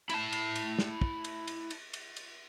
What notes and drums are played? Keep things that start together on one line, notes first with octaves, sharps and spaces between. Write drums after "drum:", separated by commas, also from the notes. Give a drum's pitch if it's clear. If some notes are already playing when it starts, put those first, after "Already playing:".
E4 A5, drum: cymbal
drum: cymbal
drum: cymbal
drum: snare
drum: kick
drum: cymbal
drum: cymbal
drum: cymbal
drum: cymbal
drum: cymbal